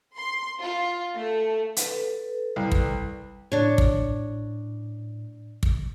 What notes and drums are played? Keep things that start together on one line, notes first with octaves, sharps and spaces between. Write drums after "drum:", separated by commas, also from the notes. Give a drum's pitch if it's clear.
C6
F4
A3
A4 B4, drum: hi-hat
C2
drum: kick
A2 D4 C#5
drum: kick
drum: kick